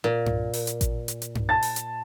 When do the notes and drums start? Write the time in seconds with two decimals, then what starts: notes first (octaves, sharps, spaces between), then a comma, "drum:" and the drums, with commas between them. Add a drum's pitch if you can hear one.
0.04 A#2
0.26 drum: tom G2
0.53 drum: open hi-hat
0.67 drum: hi-hat
0.81 drum: kick A1, hi-hat
1.08 drum: hi-hat
1.22 drum: hi-hat
1.35 drum: tom G2
1.49 A5 A6
1.62 drum: open hi-hat
1.76 drum: hi-hat